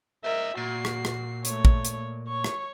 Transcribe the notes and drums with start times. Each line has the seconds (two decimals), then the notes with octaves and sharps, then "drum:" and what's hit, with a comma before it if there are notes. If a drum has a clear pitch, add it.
0.24 A#4 C5 D#5 E5
0.57 A#2 F#4 C7
0.85 drum: rim click
1.05 drum: rim click
1.45 A3 C#5, drum: hi-hat
1.65 drum: kick
1.85 drum: hi-hat
2.28 C#5 C#6
2.44 drum: rim click